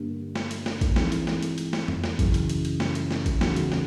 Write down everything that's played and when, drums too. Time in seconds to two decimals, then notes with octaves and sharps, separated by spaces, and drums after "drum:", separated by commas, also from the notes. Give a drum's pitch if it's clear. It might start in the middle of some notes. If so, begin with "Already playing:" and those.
Already playing: G2 D3 G3 A#3
0.35 drum: snare
0.51 drum: hi-hat
0.66 drum: snare
0.81 drum: kick A1, hi-hat
0.96 E3 G#3 C4 D#4, drum: snare
1.12 drum: hi-hat
1.27 drum: snare
1.42 drum: hi-hat
1.58 drum: hi-hat
1.73 drum: snare
1.88 drum: tom F2
2.04 drum: snare
2.19 F#2 C#3 E3, drum: kick A1, hi-hat
2.34 drum: hi-hat
2.49 drum: hi-hat
2.65 drum: hi-hat
2.80 drum: snare
2.95 drum: hi-hat
3.11 drum: snare
3.26 drum: kick A1, hi-hat
3.41 E2 C#3 F#3 B3 D#4, drum: snare
3.56 drum: hi-hat
3.72 drum: snare